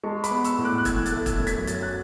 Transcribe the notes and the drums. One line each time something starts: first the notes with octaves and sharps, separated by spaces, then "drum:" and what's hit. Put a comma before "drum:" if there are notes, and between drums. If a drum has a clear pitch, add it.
G#3 A5 C#6
B5 D6, drum: hi-hat
B3
C#6 E6, drum: hi-hat
A2
D6 F#6
F#6
E3 E6 G#6, drum: kick, hi-hat
F#6 A6, drum: hi-hat
A3
E6 G#6, drum: kick, hi-hat
F#2
G#6 B6, drum: hi-hat
F#3 A6, drum: hi-hat
G#6
F#6 A6